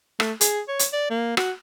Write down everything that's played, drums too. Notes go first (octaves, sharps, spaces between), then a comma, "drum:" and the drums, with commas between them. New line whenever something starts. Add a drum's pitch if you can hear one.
A3, drum: rim click
G#4, drum: hi-hat
C#5
drum: hi-hat
D5
A#3
F#4, drum: rim click